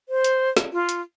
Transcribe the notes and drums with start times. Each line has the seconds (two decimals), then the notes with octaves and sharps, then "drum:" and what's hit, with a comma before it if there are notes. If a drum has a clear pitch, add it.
0.09 C5
0.24 drum: hi-hat
0.57 drum: snare
0.73 F4
0.89 drum: hi-hat